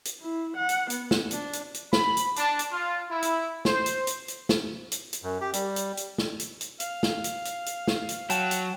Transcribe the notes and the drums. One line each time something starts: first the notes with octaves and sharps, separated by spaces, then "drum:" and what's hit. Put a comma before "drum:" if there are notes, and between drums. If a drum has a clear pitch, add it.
drum: hi-hat
E4
F#5
drum: hi-hat
B3, drum: hi-hat
drum: snare
D4, drum: hi-hat
drum: hi-hat
drum: hi-hat
B5, drum: snare
drum: hi-hat
D4, drum: hi-hat
drum: hi-hat
F4
E4
drum: hi-hat
C5, drum: snare
drum: hi-hat
drum: hi-hat
drum: hi-hat
drum: snare
drum: hi-hat
drum: hi-hat
F#2
G4
G3, drum: hi-hat
drum: hi-hat
drum: hi-hat
drum: snare
drum: hi-hat
drum: hi-hat
F5, drum: hi-hat
drum: snare
drum: hi-hat
drum: hi-hat
drum: hi-hat
drum: snare
drum: hi-hat
F#3 F#5 G5 A5, drum: hi-hat
drum: hi-hat